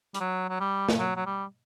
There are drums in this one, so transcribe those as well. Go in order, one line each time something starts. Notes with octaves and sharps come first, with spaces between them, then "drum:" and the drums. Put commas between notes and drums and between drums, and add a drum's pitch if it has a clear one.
G3, drum: hi-hat
F#3
F#3
G3
drum: snare
F#3
F#3
G3